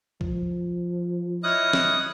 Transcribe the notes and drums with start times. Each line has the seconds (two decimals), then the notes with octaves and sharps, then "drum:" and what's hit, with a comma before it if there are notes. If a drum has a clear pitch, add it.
0.21 F3, drum: kick B1
1.44 E4 C#5 D#5 D#6 F6 F#6
1.73 drum: snare